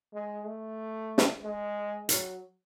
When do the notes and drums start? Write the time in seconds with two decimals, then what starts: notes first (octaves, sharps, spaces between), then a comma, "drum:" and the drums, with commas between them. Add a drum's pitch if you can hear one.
0.14 G#3
0.46 A3
1.18 drum: snare
1.44 G#3
2.09 F#3, drum: hi-hat